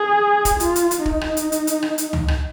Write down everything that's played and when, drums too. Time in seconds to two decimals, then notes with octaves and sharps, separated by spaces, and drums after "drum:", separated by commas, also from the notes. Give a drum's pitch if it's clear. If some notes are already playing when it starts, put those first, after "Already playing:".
Already playing: G#4
0.45 drum: kick, hi-hat
0.60 F4, drum: hi-hat
0.76 drum: hi-hat
0.91 drum: hi-hat
1.06 D#4, drum: kick
1.21 drum: rim click
1.37 drum: hi-hat
1.52 drum: hi-hat
1.67 drum: hi-hat
1.83 drum: rim click
1.98 drum: hi-hat
2.13 drum: tom C#2
2.28 drum: rim click